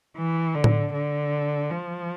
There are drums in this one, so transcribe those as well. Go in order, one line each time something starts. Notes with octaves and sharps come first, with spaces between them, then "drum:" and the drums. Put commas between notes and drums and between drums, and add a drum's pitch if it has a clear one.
E3
D3
drum: tom A2
D3
F3